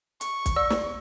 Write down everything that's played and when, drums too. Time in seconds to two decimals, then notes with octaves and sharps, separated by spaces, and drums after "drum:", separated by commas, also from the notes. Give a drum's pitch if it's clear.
0.21 C#6, drum: hi-hat
0.46 drum: kick, hi-hat
0.56 D5 E6
0.70 drum: snare